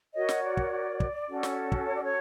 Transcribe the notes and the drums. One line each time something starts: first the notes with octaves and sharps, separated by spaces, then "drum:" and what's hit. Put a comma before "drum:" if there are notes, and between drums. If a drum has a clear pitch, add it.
F#4 A#4 C#5 D#5
drum: snare
D5
drum: kick
drum: kick
C#4 F#4 A4
drum: snare
drum: kick
C#5
D5
C#5